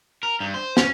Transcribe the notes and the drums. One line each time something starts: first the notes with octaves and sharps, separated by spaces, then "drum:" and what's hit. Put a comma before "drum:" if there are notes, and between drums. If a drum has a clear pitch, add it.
A#4
G2
C5
C#4, drum: snare